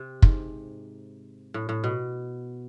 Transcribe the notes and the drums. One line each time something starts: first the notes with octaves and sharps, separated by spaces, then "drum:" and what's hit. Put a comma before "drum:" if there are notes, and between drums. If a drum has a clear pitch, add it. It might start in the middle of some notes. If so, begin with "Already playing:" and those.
Already playing: C3
G#2, drum: kick
A2
A2
B2